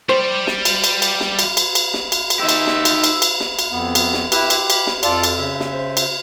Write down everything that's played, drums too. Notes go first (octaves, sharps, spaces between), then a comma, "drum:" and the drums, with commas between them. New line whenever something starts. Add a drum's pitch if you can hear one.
G3 G4 C5
drum: snare
drum: cymbal
drum: cymbal
drum: cymbal
drum: snare
drum: cymbal
drum: cymbal
drum: cymbal
drum: snare
drum: cymbal
drum: cymbal
D#4 G4 E5 C6 E6
drum: cymbal
drum: snare
drum: cymbal
drum: cymbal
drum: cymbal
drum: snare
drum: cymbal
F2 B3
drum: cymbal
drum: snare
E4 G4 B4 E6, drum: cymbal
drum: cymbal
B5, drum: cymbal
drum: snare
F2 F4 A4 D5, drum: cymbal
drum: cymbal
C#3 E5
drum: snare
C5
drum: cymbal